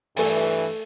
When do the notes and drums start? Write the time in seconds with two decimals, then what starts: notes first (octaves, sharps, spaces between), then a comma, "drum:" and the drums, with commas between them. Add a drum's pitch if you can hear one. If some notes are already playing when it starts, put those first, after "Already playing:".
0.17 G2 E3 A3 G#5, drum: open hi-hat